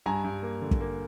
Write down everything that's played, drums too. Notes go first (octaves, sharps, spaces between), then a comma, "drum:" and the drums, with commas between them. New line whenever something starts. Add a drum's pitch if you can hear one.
G2 G#5 A#5
G2
A#3
D3
drum: kick
A#3